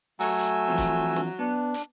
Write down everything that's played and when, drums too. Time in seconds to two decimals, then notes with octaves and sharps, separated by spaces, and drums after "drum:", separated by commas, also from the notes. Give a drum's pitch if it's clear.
0.20 F#3 A3 G#5 E6, drum: open hi-hat
0.39 drum: hi-hat
0.68 E3 F3 C4
0.78 drum: kick C#1, hi-hat
1.16 drum: snare
1.39 B3 D4
1.74 drum: hi-hat